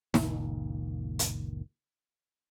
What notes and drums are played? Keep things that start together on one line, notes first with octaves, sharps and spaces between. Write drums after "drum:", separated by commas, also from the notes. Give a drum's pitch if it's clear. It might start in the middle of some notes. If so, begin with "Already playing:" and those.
F#1 C#2 A#2 D#3, drum: snare
drum: hi-hat